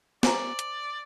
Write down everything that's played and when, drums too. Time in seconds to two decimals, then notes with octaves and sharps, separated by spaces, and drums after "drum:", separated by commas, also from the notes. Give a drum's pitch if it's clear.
0.23 C5 D5 G#5 A#5, drum: snare
0.59 drum: hi-hat